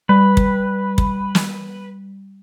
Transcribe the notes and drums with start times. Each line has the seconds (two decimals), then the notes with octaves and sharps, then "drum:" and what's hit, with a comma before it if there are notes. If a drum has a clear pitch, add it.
0.09 G3 B4
0.37 drum: kick
0.98 drum: kick
1.35 drum: snare